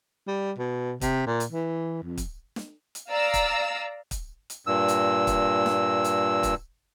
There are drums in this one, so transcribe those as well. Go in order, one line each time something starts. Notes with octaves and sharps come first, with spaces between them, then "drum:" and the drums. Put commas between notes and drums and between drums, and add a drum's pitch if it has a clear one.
G3
B2
C3, drum: kick, hi-hat
A#2
drum: hi-hat
E3
F2
drum: kick, hi-hat
drum: snare
drum: hi-hat
D5 F5 A#5 E6
drum: kick, hi-hat
drum: kick, hi-hat
drum: hi-hat
G2 A#2 E6
drum: hi-hat
drum: kick, hi-hat
drum: snare
drum: hi-hat
drum: kick, hi-hat